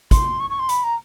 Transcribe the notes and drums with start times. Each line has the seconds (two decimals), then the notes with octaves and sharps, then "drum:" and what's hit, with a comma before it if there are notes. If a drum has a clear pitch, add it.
0.11 C6, drum: kick, hi-hat
0.40 C#6
0.50 C#6
0.59 C6
0.69 B5, drum: hi-hat
0.83 A#5